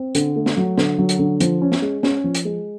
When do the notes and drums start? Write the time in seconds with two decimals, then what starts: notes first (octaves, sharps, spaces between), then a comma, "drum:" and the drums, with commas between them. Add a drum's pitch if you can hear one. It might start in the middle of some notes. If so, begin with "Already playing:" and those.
Already playing: C4
0.15 D3, drum: hi-hat
0.36 A3
0.46 drum: snare
0.57 F#3
0.78 D3, drum: snare
0.98 F#3
1.09 drum: hi-hat
1.19 D3
1.40 F3, drum: hi-hat
1.62 C#4
1.72 drum: snare
1.82 G#3
2.03 C#4, drum: snare
2.24 F3
2.35 drum: hi-hat
2.45 G#3